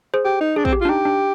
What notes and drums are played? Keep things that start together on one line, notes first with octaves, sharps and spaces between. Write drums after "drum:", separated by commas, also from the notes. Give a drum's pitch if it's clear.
G#4 C5
G4
D#4
D4 G#4
C4, drum: kick
G4
F4
D4
D#4 G4
D4